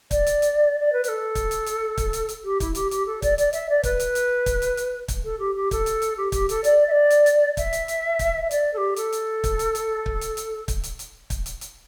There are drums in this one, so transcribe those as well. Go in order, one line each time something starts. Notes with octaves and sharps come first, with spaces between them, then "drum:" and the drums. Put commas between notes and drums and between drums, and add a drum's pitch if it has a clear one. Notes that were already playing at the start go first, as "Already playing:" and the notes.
D5, drum: kick, hi-hat
drum: hi-hat
drum: hi-hat
D5
B4
B4, drum: hi-hat
A4
drum: kick, hi-hat
drum: hi-hat
drum: hi-hat
drum: kick, hi-hat
drum: hi-hat
drum: hi-hat
G4
E4, drum: kick, hi-hat
G4, drum: hi-hat
G4, drum: hi-hat
A4
D5, drum: kick, hi-hat
D5, drum: hi-hat
E5, drum: hi-hat
D5
B4, drum: kick, hi-hat
drum: hi-hat
drum: hi-hat
drum: kick, hi-hat
drum: hi-hat
drum: hi-hat
drum: kick, hi-hat
A4
G4
G4
A4, drum: kick, hi-hat
drum: hi-hat
drum: hi-hat
G4
G4, drum: kick, hi-hat
A4, drum: hi-hat
D5, drum: hi-hat
E5
D5
drum: hi-hat
drum: hi-hat
E5, drum: kick, hi-hat
drum: hi-hat
drum: hi-hat
drum: kick, hi-hat
E5
D5, drum: hi-hat
A4
G4
A4, drum: hi-hat
drum: hi-hat
drum: kick, hi-hat
drum: hi-hat
drum: hi-hat
drum: kick
drum: hi-hat
drum: hi-hat
drum: kick, hi-hat
drum: hi-hat
drum: hi-hat
drum: kick, hi-hat
drum: hi-hat
drum: hi-hat